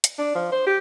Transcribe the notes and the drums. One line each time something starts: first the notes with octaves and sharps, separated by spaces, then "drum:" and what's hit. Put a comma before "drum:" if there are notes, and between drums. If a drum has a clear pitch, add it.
drum: hi-hat
D4
F3
C5
G4